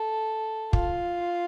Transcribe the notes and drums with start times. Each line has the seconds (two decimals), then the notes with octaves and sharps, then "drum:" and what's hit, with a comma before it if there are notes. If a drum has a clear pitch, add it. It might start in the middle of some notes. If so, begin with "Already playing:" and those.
Already playing: A4
0.73 F4, drum: kick